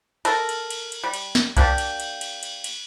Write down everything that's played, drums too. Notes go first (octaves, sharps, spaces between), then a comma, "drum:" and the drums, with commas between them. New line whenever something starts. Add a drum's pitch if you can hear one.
A4 A#4, drum: cymbal
drum: cymbal
drum: cymbal
drum: cymbal
G3
drum: cymbal
drum: snare
A#3 D4 G4, drum: kick B1, cymbal
drum: cymbal
drum: cymbal
drum: cymbal
drum: cymbal
drum: cymbal